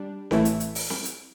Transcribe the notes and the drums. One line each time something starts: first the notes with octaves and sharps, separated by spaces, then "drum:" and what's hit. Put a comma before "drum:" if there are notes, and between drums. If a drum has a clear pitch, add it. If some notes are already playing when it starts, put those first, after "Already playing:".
Already playing: G3 D4
A1 A2 E3 A3 E4, drum: snare C4
drum: hi-hat
drum: hi-hat
drum: open hi-hat
drum: snare C4
drum: hi-hat